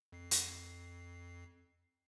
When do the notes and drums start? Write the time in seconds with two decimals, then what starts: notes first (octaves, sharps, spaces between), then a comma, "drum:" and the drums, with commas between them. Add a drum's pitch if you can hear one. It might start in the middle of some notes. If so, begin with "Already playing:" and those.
0.12 F2 C7
0.31 drum: hi-hat